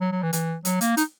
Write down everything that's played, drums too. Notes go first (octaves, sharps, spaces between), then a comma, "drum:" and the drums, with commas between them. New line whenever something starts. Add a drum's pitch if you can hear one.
F#3
F#3
E3
E3, drum: hi-hat
F#3, drum: hi-hat
A#3, drum: hi-hat
D#4, drum: hi-hat